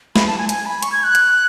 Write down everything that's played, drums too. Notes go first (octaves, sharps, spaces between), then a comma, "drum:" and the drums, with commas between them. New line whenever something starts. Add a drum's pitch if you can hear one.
B5, drum: snare
A5
G#5
G#5, drum: hi-hat
B5
C#6, drum: hi-hat
G#6
F#6
drum: hi-hat